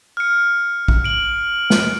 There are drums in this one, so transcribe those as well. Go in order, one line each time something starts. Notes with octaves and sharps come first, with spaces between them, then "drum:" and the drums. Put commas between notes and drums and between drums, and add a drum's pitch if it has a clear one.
F6 C#7
drum: kick
D7 F#7
drum: snare